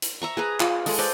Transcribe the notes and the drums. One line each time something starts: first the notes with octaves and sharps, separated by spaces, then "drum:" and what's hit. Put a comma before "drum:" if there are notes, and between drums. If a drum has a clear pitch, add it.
drum: hi-hat
E5 A#5 C#6
G#4 B4 A#5
F4, drum: clap
G#3 A4, drum: open hi-hat
A4 B4 C5 D5